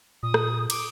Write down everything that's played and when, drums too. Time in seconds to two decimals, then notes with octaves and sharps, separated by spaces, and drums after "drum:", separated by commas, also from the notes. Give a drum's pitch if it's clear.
0.23 A#2 D#6
0.34 drum: rim click
0.70 D6, drum: cymbal